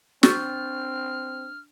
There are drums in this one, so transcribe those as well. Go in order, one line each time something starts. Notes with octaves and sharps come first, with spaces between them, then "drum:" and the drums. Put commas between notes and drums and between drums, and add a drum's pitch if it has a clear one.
C4 D4 C#6 F6 G6 A6, drum: snare